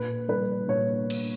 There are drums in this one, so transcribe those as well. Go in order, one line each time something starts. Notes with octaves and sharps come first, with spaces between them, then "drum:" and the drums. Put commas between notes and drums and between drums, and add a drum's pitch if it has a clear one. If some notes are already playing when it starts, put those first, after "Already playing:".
Already playing: A#2 B4
G3 B4
A#2 C#5
drum: cymbal